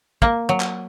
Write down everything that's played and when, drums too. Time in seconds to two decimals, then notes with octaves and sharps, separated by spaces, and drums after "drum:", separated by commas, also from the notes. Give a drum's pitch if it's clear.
0.22 A#3, drum: kick
0.49 F#3
0.60 drum: clap